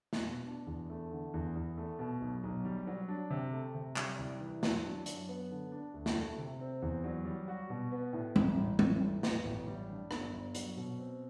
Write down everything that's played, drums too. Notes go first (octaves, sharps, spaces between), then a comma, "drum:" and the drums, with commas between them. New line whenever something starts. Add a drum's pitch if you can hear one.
drum: snare
B2
D4
E2
A3
D3
E2
E2
A3
B2
B1
B1
G3
F#3
D4
C3
A3
C3
G3, drum: clap
C2
E3
F#3, drum: snare
D4
F#2, drum: hi-hat
B3
D3
D4
D2
drum: snare
A3
C3
C4
E2
F#3
G3
F#4
B2
B3
A2
A1, drum: tom G3
A1
E3, drum: tom G3
A2
B3, drum: snare
A1
G3
G2
G1, drum: rim click
G1
F#3, drum: hi-hat
B2
C4